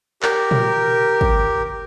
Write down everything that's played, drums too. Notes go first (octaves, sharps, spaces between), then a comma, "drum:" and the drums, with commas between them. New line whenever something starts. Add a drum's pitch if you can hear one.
G4 A#4, drum: clap
drum: tom A#2
drum: kick